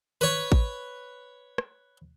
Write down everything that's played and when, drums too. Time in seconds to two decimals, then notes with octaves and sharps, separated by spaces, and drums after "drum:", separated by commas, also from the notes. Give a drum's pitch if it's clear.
0.21 B4 C#5
0.52 drum: kick A1
1.58 drum: rim click